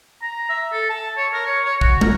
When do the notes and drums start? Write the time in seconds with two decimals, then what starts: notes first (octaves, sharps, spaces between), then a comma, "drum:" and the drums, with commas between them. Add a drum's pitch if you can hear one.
0.22 A#5
0.50 E5
0.72 A4
0.90 A5
1.17 C#5
1.33 A#4
1.46 C#5
1.65 C#5
1.81 F#4, drum: kick
2.01 A#4, drum: tom